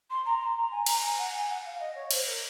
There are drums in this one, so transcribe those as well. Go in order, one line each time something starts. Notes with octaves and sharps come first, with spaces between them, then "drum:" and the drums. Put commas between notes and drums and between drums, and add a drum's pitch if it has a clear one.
C6
A#5
C6
A#5
G#5
A#5, drum: cymbal
G#5
F#5
G#5
F#5
F5
D#5
C#5
C5, drum: cymbal
A#4